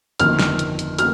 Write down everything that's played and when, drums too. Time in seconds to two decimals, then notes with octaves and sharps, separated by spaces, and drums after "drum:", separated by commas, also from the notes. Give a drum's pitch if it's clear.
0.20 G1 F2 D#3 A#3 F6, drum: hi-hat
0.39 drum: snare
0.59 drum: hi-hat
0.79 drum: hi-hat
0.99 F6, drum: hi-hat